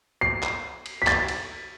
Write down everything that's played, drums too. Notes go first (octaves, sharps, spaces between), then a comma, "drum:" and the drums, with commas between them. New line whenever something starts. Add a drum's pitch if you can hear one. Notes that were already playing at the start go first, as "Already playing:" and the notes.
C7
drum: clap
drum: cymbal
B6
A6, drum: clap
drum: cymbal